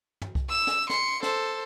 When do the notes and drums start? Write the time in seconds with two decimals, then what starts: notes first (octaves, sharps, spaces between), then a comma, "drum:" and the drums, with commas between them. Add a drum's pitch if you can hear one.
0.22 drum: tom
0.35 drum: kick C2
0.49 E6 E7
0.67 drum: snare
0.89 C6 C#7, drum: snare
1.23 A4 C5, drum: snare